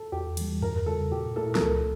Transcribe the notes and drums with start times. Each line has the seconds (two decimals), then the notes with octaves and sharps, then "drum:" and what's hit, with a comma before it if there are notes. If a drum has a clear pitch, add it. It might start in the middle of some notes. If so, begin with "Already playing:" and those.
Already playing: A4
0.12 E2 G4
0.37 E3 G3, drum: cymbal
0.62 E2 A#4, drum: tom F#2
0.86 C#3 G3 A4
1.12 A#2 G4
1.36 A3 E4 A4 A#4
1.55 A#4, drum: snare F3
1.61 C#2 A4